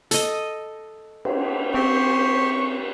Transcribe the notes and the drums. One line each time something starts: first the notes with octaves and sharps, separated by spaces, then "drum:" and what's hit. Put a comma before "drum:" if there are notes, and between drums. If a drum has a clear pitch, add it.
A4 D#5, drum: hi-hat
drum: cymbal
C4 G4 C5 C6 C#6